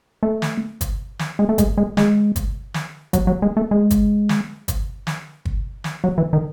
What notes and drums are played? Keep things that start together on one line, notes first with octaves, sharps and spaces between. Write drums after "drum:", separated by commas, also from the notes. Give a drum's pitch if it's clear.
A3
drum: snare
drum: kick, hi-hat
drum: snare
G#3
A3
G#3, drum: kick, hi-hat
G#3
G#3, drum: snare
drum: kick, hi-hat
drum: snare
F#3, drum: kick, hi-hat
F#3
G#3
A3
G#3
drum: kick, hi-hat
drum: snare
drum: kick, hi-hat
drum: snare
drum: kick
drum: snare
F#3
E3
D#3